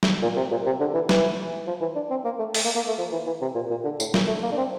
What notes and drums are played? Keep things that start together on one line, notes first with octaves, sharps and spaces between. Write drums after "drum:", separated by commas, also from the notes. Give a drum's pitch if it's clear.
drum: snare
A#2
C3
A#2
C3
D3
E3
E3, drum: snare
F3
E3
D4
C4
A#3
A3
A3, drum: open hi-hat
A#3
A#3
A3
F3
E3
E3
C3
A#2
A#2
D3
A2, drum: tambourine
A#2, drum: snare
A3
A#3
D4
C4